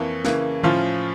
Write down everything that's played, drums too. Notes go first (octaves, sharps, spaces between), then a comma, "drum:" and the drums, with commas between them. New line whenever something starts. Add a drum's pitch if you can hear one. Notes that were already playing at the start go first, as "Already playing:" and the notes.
Already playing: F2 E3 A#3 C#5
C#3 E3 A#3, drum: snare
A2 F3 C#4 F4, drum: tom D3